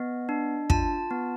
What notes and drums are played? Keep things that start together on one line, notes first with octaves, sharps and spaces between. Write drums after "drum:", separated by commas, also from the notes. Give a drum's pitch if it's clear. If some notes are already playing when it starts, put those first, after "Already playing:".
Already playing: B3 D#5
D4
F4 A5, drum: kick
B3